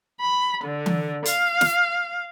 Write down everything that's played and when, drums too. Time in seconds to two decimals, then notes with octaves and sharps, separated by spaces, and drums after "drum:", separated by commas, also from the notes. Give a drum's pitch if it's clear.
0.21 B5
0.64 D3
0.86 drum: tom E3
1.25 F5, drum: hi-hat
1.61 drum: snare